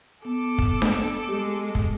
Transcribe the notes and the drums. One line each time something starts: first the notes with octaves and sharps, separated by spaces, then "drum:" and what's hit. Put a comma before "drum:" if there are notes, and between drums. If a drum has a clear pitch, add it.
B3 A4 D6
drum: kick
drum: snare D4
G#3 G4
drum: kick